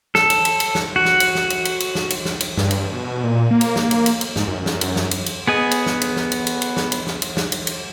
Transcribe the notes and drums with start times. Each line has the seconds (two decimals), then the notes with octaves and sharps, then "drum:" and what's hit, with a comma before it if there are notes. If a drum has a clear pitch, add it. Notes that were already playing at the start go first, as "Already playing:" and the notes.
0.15 A4, drum: snare
0.30 drum: cymbal
0.45 drum: cymbal
0.60 drum: cymbal
0.75 drum: snare
0.96 F#4
1.05 drum: snare
1.20 drum: cymbal
1.35 drum: snare
1.50 drum: cymbal
1.65 drum: cymbal
1.80 drum: cymbal
1.95 drum: snare
2.10 drum: cymbal
2.25 drum: snare
2.40 drum: cymbal
2.57 G2, drum: snare
2.71 drum: cymbal
2.92 B2
3.24 A#2
3.51 A#3
3.61 drum: cymbal
3.76 drum: snare
3.91 drum: cymbal
4.06 drum: cymbal
4.21 drum: cymbal
4.36 G#2, drum: snare
4.48 F#2
4.66 drum: snare
4.81 drum: cymbal
4.96 drum: snare
5.11 drum: cymbal
5.26 drum: cymbal
5.47 B3 G#4 D#5
5.71 drum: cymbal
5.86 drum: snare
6.01 drum: cymbal
6.17 drum: snare
6.32 drum: cymbal
6.47 drum: cymbal
6.62 drum: cymbal
6.77 drum: snare
6.92 drum: cymbal
7.07 drum: snare
7.22 drum: cymbal
7.37 drum: snare
7.52 drum: cymbal
7.67 drum: cymbal